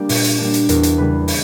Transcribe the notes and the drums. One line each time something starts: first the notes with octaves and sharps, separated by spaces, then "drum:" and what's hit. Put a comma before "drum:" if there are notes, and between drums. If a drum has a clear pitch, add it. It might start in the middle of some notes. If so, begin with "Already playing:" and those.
Already playing: G3 A#3 D4 G4
A#2, drum: open hi-hat
drum: hi-hat
G3 A#3 D4
drum: hi-hat
E2 A#4, drum: hi-hat
drum: hi-hat
C#3 G3 B4
drum: open hi-hat